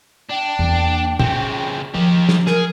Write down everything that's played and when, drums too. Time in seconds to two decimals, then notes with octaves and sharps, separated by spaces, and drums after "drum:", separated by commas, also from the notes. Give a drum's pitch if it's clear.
0.30 D4 G5
0.59 E2 A#3
1.19 C#3 C4 F4, drum: tom A2
1.95 D#3 F3 G4
2.29 drum: snare
2.47 G#4 A#4, drum: snare